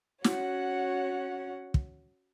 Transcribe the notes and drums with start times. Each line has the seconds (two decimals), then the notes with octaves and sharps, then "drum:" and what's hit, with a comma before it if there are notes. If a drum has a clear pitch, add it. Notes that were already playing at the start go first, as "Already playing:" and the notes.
0.24 C#4 F#4 C#5 F#5, drum: snare
1.74 drum: kick